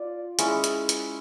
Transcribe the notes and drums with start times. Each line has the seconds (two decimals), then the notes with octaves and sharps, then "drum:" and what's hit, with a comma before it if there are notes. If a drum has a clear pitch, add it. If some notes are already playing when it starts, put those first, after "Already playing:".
Already playing: F4 D5
0.39 G#3 C#4 E4, drum: hi-hat
0.64 drum: hi-hat
0.89 drum: hi-hat